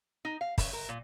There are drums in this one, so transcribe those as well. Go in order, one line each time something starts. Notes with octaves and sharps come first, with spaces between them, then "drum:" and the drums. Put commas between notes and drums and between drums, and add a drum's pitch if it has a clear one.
D#4
F5
C#3, drum: kick, open hi-hat
A#4
A#2